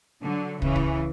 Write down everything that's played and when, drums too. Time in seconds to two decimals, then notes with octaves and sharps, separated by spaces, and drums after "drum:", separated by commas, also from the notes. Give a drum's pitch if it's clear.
0.22 D3 F#3
0.62 C#3 E3, drum: kick
0.76 drum: kick